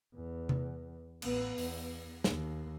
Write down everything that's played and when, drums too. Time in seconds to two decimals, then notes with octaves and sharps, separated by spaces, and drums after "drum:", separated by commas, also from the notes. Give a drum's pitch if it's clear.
0.14 E2
0.49 drum: tom C3
1.22 A1 B3, drum: cymbal
1.58 E2, drum: open hi-hat
2.24 D#2, drum: snare